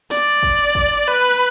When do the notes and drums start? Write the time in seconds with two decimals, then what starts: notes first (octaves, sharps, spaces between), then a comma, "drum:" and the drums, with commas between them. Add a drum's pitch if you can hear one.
0.11 D5, drum: snare
0.43 drum: kick
0.75 drum: kick
1.08 B4